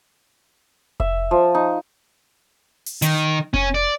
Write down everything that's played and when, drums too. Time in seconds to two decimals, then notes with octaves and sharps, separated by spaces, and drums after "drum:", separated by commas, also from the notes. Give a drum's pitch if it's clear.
1.00 E5, drum: kick F1
1.31 F3
1.55 D#4
2.86 drum: open hi-hat
3.02 D#3, drum: hi-hat
3.54 C#4, drum: kick F1
3.74 D5